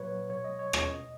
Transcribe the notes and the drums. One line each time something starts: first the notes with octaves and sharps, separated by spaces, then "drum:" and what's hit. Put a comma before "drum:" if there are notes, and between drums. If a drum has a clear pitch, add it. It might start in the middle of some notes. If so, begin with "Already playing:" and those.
Already playing: A#2 F#3 B4 C#5
F#3
B2 C#5
G#3 D#5
C#5
G#3
C#5, drum: rim click
B2 D#5